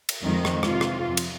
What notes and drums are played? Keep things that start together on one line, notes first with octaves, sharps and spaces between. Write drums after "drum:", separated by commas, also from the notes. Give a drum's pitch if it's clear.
drum: cymbal
F2 D#3 F3 G#3
drum: rim click
C3 F4, drum: rim click
drum: rim click
F2
drum: cymbal